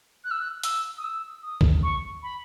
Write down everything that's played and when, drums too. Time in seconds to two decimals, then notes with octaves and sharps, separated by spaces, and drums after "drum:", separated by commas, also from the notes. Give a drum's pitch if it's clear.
0.24 F#6
0.31 E6
0.39 F#6
0.63 E6, drum: hi-hat
0.98 D#6
1.04 E6
1.43 D#6
1.61 drum: kick
1.83 C#6
2.23 B5